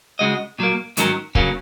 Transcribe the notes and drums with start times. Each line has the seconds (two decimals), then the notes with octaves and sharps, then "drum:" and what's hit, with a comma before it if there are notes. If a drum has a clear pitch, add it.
0.19 C#2 C#3 G#3 F#4 D#5
0.59 A#2 F#3 A#3
0.97 G#2 D#3 F#3 C#4 A#4, drum: hi-hat
1.35 C#3 F#3 A#3 C#4, drum: kick